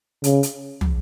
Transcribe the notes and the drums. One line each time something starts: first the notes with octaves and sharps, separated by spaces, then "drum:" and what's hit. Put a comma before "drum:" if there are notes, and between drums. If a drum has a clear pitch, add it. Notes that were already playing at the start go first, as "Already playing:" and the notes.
C#3, drum: hi-hat
drum: hi-hat
drum: tom